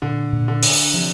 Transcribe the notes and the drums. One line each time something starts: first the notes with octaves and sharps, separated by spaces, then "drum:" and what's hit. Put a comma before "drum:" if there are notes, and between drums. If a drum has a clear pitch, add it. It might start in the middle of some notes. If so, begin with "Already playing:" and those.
A#2 D3
A#2
D3
D4, drum: open hi-hat
C3 F3